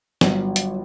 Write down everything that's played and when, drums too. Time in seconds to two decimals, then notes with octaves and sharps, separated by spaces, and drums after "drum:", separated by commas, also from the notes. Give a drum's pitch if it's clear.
0.21 G1 G2 F#3, drum: snare
0.56 drum: hi-hat